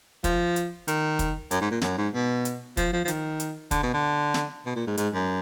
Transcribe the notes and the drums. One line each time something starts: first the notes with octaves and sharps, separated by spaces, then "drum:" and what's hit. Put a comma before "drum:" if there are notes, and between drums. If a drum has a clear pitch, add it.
F3, drum: kick, hi-hat
drum: hi-hat
D#3, drum: hi-hat
drum: kick, hi-hat
F#2, drum: hi-hat
G#2
A#2
F#2, drum: snare
G#2
B2
drum: hi-hat
F3, drum: kick, hi-hat
F3
F3
D#3, drum: hi-hat
drum: hi-hat
D3, drum: kick, hi-hat
B2
D3
drum: snare
B2
A#2
G#2
G#2, drum: hi-hat
F#2